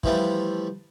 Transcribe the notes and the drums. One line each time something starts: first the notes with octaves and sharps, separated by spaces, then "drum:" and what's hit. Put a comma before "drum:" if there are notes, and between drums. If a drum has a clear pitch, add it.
E3 F3 G3 A3, drum: kick